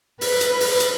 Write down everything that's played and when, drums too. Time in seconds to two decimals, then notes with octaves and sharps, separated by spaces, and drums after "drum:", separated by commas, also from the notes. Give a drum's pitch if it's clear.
0.21 B4, drum: open hi-hat
0.41 drum: hi-hat
0.60 drum: open hi-hat
0.80 drum: hi-hat